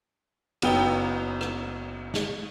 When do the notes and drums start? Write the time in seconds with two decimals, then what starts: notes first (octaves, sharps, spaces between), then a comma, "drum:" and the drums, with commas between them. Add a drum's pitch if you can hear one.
0.62 F#1 F#3 B3 D#4 G5 G7, drum: cymbal
1.41 drum: rim click
2.14 drum: snare